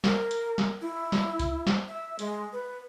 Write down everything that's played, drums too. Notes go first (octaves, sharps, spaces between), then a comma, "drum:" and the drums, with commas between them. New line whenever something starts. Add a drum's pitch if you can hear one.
A#4, drum: snare
drum: hi-hat
drum: snare
E4
drum: snare
drum: kick C2, hi-hat
drum: snare
E5
G#3, drum: hi-hat
B4